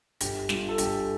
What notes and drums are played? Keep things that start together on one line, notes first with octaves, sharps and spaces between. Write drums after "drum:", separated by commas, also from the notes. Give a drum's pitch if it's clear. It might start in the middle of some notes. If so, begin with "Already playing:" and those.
G1 G4, drum: hi-hat
G2 F4, drum: snare
A4
G1 G4, drum: hi-hat